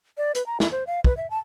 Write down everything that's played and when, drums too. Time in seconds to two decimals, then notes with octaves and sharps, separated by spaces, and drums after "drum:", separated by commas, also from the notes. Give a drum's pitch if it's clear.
0.18 D5
0.35 B4, drum: hi-hat
0.46 A#5
0.60 E4, drum: snare
0.72 C5
0.87 F5
1.04 B4, drum: kick
1.17 E5
1.30 A5